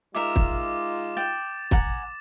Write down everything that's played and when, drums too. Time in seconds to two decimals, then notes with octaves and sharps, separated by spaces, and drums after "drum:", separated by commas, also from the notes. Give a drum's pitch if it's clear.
0.15 G#3 D#4 F4 A#4 E5 D6 E7
0.36 drum: kick
1.17 G5 A6 E7
1.71 F#5 G#5 A#5, drum: kick